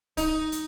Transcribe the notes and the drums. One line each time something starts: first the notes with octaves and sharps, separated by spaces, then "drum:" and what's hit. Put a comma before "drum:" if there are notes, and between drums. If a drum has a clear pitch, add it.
D#4, drum: kick, hi-hat
drum: hi-hat